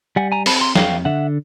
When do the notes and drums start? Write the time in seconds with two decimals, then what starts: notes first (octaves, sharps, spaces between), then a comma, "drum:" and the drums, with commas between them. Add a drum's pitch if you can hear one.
0.16 G3 F#5 G#5
0.32 G#5 A#5
0.46 C4 A5 B5, drum: open hi-hat
0.56 B5
0.61 A#5 C6
0.75 F2 F5 G5, drum: snare
1.05 D3 E5 F#5